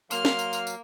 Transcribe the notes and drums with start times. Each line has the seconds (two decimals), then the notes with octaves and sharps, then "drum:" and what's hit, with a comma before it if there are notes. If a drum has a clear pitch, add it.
0.11 F#3 A#3 F5 C6 F6, drum: tambourine
0.25 drum: snare
0.39 drum: tambourine
0.53 drum: tambourine
0.67 drum: tambourine